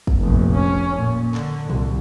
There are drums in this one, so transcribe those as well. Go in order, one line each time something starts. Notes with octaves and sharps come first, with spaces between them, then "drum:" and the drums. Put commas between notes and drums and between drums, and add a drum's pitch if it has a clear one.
drum: kick
F1 A#1
C#4
A#2
D3, drum: clap
C2, drum: tom